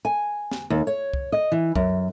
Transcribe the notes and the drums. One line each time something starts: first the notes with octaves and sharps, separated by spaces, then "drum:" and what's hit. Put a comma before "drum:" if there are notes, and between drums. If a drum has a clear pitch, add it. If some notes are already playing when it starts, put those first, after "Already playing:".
G#5
drum: snare
D#2
C#5
drum: kick C2
D#5
E3
F#2, drum: kick C2